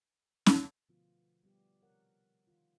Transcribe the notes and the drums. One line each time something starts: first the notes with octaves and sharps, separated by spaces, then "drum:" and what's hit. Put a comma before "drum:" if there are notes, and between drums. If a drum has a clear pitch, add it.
drum: snare
B2 D3 F3 A3 B3 F4
G3 B3 G4
C3 F3 B3 A#4 C#5 F#5
G4
D#3 F4